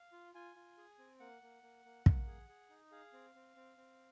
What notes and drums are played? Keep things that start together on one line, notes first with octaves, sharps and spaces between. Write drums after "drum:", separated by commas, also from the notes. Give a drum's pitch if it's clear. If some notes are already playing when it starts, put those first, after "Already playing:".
Already playing: F5
F4
F4 G#5
F4
G#4
C4
A#3 F#5
A#3
A#3
A#3
A#3, drum: kick
G#4
G#4
D#4
G#4 F5
C4
C4
C4
C4